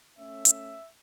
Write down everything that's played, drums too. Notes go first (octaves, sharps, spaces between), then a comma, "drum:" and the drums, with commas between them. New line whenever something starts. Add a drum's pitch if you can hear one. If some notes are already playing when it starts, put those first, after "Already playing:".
A3 C#4 E5
drum: hi-hat